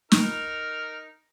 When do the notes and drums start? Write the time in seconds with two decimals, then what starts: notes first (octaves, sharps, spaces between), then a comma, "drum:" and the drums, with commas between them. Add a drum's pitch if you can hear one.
0.12 D#4 A#4 F6, drum: snare